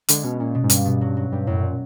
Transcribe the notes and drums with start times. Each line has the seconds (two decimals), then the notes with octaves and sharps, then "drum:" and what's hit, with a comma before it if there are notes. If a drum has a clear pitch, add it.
0.09 D3 G#3, drum: hi-hat
0.23 B2 C#4
0.40 A#2 C#4
0.55 B2
0.64 G#2
0.70 G2 A#3, drum: hi-hat
0.85 B2
1.01 F#3
1.17 F#3
1.32 G2 G3
1.47 F#2 A2
1.63 A#2